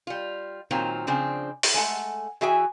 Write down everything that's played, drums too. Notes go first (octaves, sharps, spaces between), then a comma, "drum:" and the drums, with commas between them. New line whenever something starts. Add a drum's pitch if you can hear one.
G3 F4
A#2 D#3 F#3 C4 F4
C#3 F3 C4 D4
drum: open hi-hat
G#3 A3 F#5 A5
E3 F#4 G#4 E5 G5 G#5